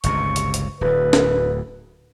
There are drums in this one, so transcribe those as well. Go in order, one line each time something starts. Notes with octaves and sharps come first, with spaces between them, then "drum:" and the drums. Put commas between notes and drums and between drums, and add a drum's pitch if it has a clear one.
G1 C#2 C3 C#6, drum: hi-hat
drum: hi-hat
drum: hi-hat
D1 D2 B4
drum: snare